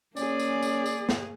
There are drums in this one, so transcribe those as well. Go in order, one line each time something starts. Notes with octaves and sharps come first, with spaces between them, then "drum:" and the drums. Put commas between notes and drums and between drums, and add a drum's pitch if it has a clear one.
A#3 C#4 G#4 D5, drum: tambourine
drum: tambourine
drum: tambourine
drum: tambourine
drum: snare